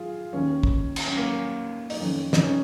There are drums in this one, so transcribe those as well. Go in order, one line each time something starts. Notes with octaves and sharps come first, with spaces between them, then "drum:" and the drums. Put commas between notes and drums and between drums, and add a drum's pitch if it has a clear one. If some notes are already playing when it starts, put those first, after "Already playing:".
Already playing: F4 G#4
D#2 D#3 C#4
drum: kick
drum: cymbal
C#4
A#3
D#4, drum: open hi-hat
F2 D#3 C#4
D#4, drum: snare
C#4